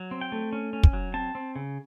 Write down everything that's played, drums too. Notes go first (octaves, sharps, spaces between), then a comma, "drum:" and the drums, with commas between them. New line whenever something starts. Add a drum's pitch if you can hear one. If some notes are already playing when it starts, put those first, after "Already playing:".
Already playing: F#3
C4
G5
A3
C#4
C#4
drum: kick
F#3
C4 A5
C4
C#3